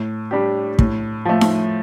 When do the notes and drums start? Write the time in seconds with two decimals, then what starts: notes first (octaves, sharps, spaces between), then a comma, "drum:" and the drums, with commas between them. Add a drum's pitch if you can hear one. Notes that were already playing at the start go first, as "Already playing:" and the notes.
Already playing: A2
0.31 G3 D4 G4
0.79 A2, drum: kick
1.25 F3 A3
1.41 drum: snare D#4